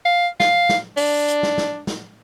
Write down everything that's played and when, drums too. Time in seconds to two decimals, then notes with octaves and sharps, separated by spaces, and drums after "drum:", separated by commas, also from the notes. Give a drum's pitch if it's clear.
0.05 F5
0.40 F5, drum: snare
0.69 drum: snare
0.97 D4, drum: open hi-hat
1.28 drum: hi-hat
1.43 drum: snare
1.58 drum: snare
1.87 drum: snare